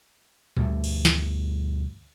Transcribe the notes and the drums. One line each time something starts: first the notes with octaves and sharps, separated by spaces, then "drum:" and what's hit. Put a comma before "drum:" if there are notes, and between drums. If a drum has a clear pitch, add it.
D2 G2 G3 A3, drum: tom A2
drum: cymbal
drum: snare